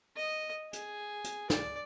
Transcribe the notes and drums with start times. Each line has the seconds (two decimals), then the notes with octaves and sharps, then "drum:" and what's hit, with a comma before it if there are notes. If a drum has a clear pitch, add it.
0.16 D#5
0.73 G#4, drum: hi-hat
1.24 drum: hi-hat
1.50 D5, drum: snare